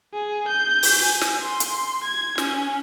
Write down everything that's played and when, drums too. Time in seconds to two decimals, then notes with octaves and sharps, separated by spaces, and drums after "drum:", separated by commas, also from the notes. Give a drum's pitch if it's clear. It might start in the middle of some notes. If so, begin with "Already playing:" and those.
0.13 G#4
0.48 G6
0.83 drum: open hi-hat
1.02 G#5
1.21 drum: snare
1.42 C6
1.60 drum: hi-hat
2.03 G#6
2.38 C#4, drum: snare